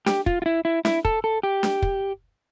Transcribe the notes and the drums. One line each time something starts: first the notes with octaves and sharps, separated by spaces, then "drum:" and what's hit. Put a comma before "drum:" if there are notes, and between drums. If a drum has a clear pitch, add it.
G4, drum: snare D4
F4, drum: kick
F4
E4
E4
E4, drum: snare D4
A4, drum: kick
A4
G4
drum: snare D4
drum: kick